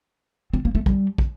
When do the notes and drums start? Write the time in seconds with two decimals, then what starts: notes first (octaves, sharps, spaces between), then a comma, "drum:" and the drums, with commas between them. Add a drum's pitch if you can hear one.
0.53 C4
0.65 A#3
0.75 A3
0.86 G3, drum: kick
1.18 drum: kick